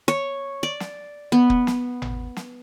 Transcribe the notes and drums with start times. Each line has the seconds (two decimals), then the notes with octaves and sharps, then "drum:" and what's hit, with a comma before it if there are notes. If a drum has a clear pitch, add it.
0.08 C#5
0.63 D5
0.80 drum: snare
1.32 B3
1.50 drum: kick
1.67 drum: snare
2.02 drum: tom G#1
2.36 drum: snare